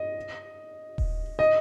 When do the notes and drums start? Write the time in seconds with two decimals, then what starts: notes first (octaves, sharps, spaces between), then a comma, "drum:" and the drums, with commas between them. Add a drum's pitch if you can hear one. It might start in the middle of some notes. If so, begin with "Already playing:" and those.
Already playing: D#5
0.98 drum: kick D#1
1.39 D#5